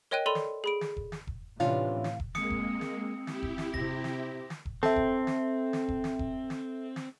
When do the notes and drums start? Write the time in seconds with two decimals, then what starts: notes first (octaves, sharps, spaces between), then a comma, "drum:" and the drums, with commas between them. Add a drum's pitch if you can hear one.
0.11 A#4 C#5 D#5 G5 F#6 D#7
0.26 A4 D5 B5 C6 D#7 F7
0.35 drum: snare
0.64 G#4 B5 D7
0.81 drum: snare
0.97 drum: kick E1
1.12 drum: snare
1.27 drum: kick E1
1.60 A2 C3 E3 C#4 D4 F4 F5, drum: snare
2.04 drum: snare
2.20 drum: kick E1
2.35 G#3 A#3 C4 D#6 C#7, drum: snare
2.50 drum: kick E1
2.81 drum: snare
3.27 E4 G4, drum: snare
3.43 drum: kick E1
3.58 drum: snare
3.74 C3 A#6, drum: kick E1
4.04 drum: snare
4.50 drum: snare
4.65 drum: kick E1
4.83 C4 A4 E5, drum: snare
4.96 drum: kick E1
5.27 drum: snare
5.73 drum: snare
5.88 drum: kick E1
6.04 drum: snare
6.19 drum: kick E1
6.50 drum: snare
6.96 drum: snare